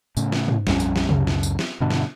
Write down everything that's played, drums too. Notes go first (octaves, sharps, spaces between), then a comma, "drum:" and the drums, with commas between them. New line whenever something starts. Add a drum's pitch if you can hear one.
A2 C#3, drum: tambourine
drum: snare
drum: tom
A#1 F2 G3 C#4, drum: snare
drum: tambourine
drum: snare
C#2 F#2 C#3, drum: tom
drum: snare
drum: tambourine
drum: snare
G2 B2 D3
drum: snare